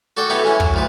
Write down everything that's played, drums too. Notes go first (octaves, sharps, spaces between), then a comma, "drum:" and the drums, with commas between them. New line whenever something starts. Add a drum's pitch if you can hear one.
F#4 A4 D5 F#5 G5
B3 D#4 E4 F#4 G4 A4
E3 G#3 C#4 E4
F#3, drum: kick
D2 F3 B4